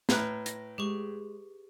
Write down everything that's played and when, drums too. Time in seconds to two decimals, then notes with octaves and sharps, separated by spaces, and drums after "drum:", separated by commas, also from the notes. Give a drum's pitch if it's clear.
0.09 A2 B4 A#5 F6 F#6, drum: snare
0.46 A#6, drum: hi-hat
0.78 G#3 G4 G#4 C#6